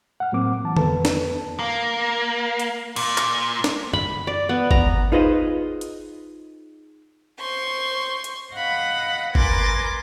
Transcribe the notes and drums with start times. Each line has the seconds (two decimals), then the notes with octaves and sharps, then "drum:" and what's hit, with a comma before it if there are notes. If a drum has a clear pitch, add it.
0.20 F#5 F6
0.32 A2 F#3 A#3 C4 D6
0.64 E3 A5
0.76 F2 B3 A4 B4 A5, drum: tom D3
1.05 drum: snare
1.59 A#3
2.59 drum: hi-hat
2.96 A#2, drum: cymbal
3.18 drum: clap
3.64 drum: snare
3.93 B5, drum: tom F#2
4.27 D5
4.49 B3
4.71 A#5, drum: kick G1
5.12 D#4 F4 G#4 B4 C5 D#5
5.81 drum: hi-hat
7.38 C5 C6 C#6
8.24 drum: hi-hat
8.54 D#5 F5 F#5 B5
9.35 A#4 B4 G#5 C6 D6 A6, drum: kick G1